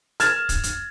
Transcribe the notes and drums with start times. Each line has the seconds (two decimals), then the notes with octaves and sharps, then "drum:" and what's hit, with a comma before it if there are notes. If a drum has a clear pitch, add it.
0.20 F6 G#6 A6 E7, drum: hi-hat
0.49 drum: kick, hi-hat
0.63 drum: hi-hat